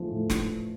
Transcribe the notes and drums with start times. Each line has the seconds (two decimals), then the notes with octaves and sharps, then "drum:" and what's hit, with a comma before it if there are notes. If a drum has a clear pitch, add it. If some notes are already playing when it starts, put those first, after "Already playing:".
Already playing: E2 F3 A3
0.10 A2
0.30 drum: snare